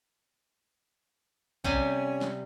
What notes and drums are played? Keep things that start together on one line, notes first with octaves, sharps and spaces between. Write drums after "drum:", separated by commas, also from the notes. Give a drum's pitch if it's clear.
C3 G3 C#4 G#5, drum: kick A#1
drum: snare